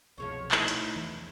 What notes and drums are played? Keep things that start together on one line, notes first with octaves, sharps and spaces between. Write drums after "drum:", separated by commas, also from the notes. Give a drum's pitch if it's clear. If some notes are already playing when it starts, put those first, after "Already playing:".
C2 F#2 B2 F3 G#4 C5 C#5
D2 D#4 E4 C#5 E5, drum: clap
drum: hi-hat
E2 E3 F3